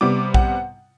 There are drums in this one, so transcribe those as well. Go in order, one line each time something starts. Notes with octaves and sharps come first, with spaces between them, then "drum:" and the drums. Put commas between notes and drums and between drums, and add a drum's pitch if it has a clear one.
C3 G3 B3 D6
F#5, drum: kick A#1